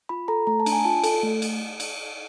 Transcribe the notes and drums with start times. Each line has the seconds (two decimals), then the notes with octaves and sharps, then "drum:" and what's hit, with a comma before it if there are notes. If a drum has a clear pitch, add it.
0.09 F4 B5
0.28 A4 A#5
0.47 A3 A#5
0.60 A5
0.66 D4, drum: cymbal
0.73 G#5
0.85 F4 A5
1.04 A4, drum: cymbal
1.23 A3
1.42 drum: cymbal
1.80 drum: cymbal